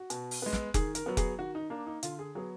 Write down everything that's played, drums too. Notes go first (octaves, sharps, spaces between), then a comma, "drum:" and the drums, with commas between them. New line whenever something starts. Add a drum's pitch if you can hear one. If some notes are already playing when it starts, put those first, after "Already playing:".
Already playing: F#4
B2, drum: hi-hat
drum: open hi-hat
G#3 B3
drum: snare
D#3 G#4, drum: kick F1, hi-hat
A#4, drum: hi-hat
F#3 B3
G#4, drum: kick F1, hi-hat
D#3 F#4
D#4
A#3 D4
D#4
D3 F4, drum: hi-hat
G#4
F#3 B3 G#4